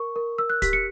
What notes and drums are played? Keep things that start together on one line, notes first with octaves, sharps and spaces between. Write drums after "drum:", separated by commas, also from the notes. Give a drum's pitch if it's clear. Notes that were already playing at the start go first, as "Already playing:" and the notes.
Already playing: A#4 C#6
A#4
A#4 E6
F#6
G4 B6, drum: kick, hi-hat
C#7